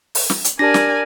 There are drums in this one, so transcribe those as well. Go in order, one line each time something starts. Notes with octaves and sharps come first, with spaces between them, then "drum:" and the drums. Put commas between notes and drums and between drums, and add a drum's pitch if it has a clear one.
drum: open hi-hat
drum: snare
drum: hi-hat
D4 G4 A#4 D5 G#5 A5 A#6
drum: snare